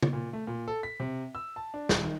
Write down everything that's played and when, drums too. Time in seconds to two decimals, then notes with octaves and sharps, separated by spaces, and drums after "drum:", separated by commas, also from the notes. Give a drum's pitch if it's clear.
0.03 drum: tom
0.13 A#2
0.33 A3
0.47 A#2
0.68 A4
0.83 B6
1.00 C3
1.35 E6
1.56 A5
1.74 D4
1.89 D#1, drum: snare
2.04 D#3